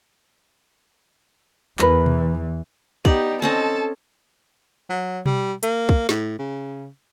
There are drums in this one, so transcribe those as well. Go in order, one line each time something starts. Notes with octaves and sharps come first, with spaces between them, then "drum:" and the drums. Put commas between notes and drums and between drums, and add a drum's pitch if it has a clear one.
E2 E3 A#4 B4, drum: clap
drum: tom B2
B3 D#4 G4 D5, drum: kick
C4 C#4 A4 D#5 A5
F#3
G3, drum: tom B2
A#3, drum: hi-hat
drum: kick
A2, drum: snare
C#3